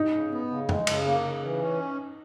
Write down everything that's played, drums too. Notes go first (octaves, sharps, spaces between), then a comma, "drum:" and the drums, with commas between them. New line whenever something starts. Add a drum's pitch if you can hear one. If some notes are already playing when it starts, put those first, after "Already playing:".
Already playing: D#4
C#3
B3
C#3
G#3, drum: tom
C#3, drum: cymbal
A#3
C#3
E3
C#4